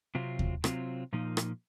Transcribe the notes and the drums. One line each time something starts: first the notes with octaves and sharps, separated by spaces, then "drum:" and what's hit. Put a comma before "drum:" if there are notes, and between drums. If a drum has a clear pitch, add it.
C3 F#3 C4 F4
drum: kick D#2
C3 F#3 C4 F4, drum: rim click
A#2 F3 A#3 D#4
drum: rim click